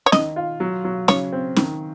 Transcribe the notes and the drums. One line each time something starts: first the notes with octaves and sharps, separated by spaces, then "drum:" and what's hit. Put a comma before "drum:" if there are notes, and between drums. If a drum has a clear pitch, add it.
C#5
D#3 D#5, drum: snare C#4
F4
F#3
F#3
C#3 C#5, drum: snare C#4
C4
D#3, drum: snare C#4